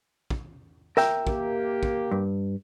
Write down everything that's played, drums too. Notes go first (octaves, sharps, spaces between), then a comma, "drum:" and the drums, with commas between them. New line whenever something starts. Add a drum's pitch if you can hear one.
drum: kick
A#4 E5 G5, drum: snare
A#3 G4, drum: kick
drum: kick
G2